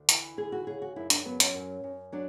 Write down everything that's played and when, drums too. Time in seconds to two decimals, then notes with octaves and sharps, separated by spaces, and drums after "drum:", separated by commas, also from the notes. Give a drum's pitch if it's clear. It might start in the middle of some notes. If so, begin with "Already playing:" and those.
Already playing: D2
0.09 E3, drum: hi-hat
0.37 D2 G#4
0.52 F#4
0.67 C#3 G#4
0.82 F#4
0.96 F#2 E4
1.10 D4, drum: hi-hat
1.25 F#3 B3
1.40 C#4, drum: hi-hat
1.54 F#2
1.84 F#2
2.12 F#3 D4